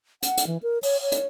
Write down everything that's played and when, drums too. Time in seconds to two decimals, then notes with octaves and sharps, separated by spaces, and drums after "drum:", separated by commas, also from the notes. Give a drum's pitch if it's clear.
0.23 F#5, drum: hi-hat
0.37 drum: hi-hat
0.47 E3
0.63 A#4
0.83 C#5, drum: open hi-hat
1.02 C#5
1.12 drum: hi-hat